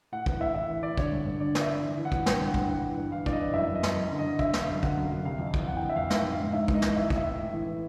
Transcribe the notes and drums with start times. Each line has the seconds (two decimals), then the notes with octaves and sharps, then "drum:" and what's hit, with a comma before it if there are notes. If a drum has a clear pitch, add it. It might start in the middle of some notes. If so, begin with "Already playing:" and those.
0.12 A2 F#5
0.26 E3 F#5, drum: kick
0.40 A2 E5
0.55 E3 E5
0.70 E3
0.83 E3 D5
0.98 D3 C#5, drum: kick
1.12 G2
1.26 G2
1.40 D3 D5
1.55 D3, drum: snare
1.61 E5
1.69 D3
1.83 E3
1.98 E3
2.05 F#5
2.12 G2, drum: kick
2.26 G2 G5, drum: snare
2.41 G2
2.47 F#5
2.54 G2, drum: kick
2.69 E3 F#5
2.83 E3
2.97 G2
3.12 E3 F5
3.26 G2 D5, drum: kick
3.33 D#5
3.40 E3
3.54 F#2 E5
3.68 F#2
3.75 D#5
3.83 F#2, drum: snare
3.97 F#2
4.11 D3
4.19 D#5
4.26 D3
4.39 D3 E5, drum: kick
4.53 D3, drum: snare
4.62 F5
4.69 F#2
4.83 D3 F#5, drum: kick
4.97 F#2
5.04 F5
5.12 F#2
5.25 C3 F5
5.39 F2
5.47 F5
5.54 E3, drum: kick
5.67 E3 F#5
5.77 G5
5.82 F2 F#5
5.90 E5
5.96 F2 F5
6.10 G#2 E5, drum: snare
6.24 G#2
6.32 F5
6.40 G#2
6.53 G#2 E5
6.68 G#2, drum: kick
6.75 D#5
6.82 E3, drum: snare
6.96 A2 E5
7.10 A2, drum: kick
7.18 E5
7.24 A2
7.39 A2
7.54 E3
7.67 E3